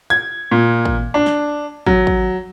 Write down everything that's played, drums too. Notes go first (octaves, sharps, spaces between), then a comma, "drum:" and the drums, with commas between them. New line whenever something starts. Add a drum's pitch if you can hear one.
G#6
A#2
drum: kick
D4
drum: snare
F#3, drum: kick
drum: kick